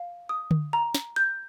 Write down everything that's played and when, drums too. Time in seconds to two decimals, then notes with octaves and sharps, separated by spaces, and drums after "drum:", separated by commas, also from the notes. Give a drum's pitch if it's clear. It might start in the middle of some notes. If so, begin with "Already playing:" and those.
Already playing: F5
0.29 D#6
0.51 drum: tom D3
0.73 A#5
0.95 drum: snare
1.16 G6